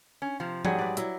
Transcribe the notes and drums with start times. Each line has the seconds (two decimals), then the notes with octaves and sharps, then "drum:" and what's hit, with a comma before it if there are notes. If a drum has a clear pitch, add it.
0.22 C#4
0.40 C3 F3
0.65 G#2 F#3 G3 G#4 F#5, drum: tom F3
0.78 B4 D5
0.97 F#3 E4, drum: hi-hat